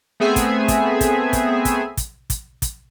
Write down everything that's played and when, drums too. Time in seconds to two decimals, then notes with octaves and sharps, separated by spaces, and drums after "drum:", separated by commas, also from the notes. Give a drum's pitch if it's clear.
0.20 A3 B3 C4 G#4 E5 G#5
0.36 drum: kick, hi-hat
0.68 drum: kick, hi-hat
1.01 drum: kick, hi-hat
1.33 drum: kick, hi-hat
1.65 drum: kick, hi-hat
1.97 drum: kick, hi-hat
2.30 drum: kick, hi-hat
2.62 drum: kick, hi-hat